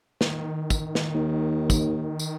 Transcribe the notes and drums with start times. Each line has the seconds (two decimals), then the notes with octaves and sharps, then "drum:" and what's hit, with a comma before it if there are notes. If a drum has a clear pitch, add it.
0.21 D#3, drum: snare
0.70 drum: kick, tambourine
0.95 drum: snare
1.15 D#2
1.70 drum: kick, tambourine
2.19 drum: tambourine